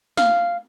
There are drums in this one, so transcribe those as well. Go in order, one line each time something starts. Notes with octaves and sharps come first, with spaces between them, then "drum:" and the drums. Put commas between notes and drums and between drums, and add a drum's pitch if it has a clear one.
F5, drum: snare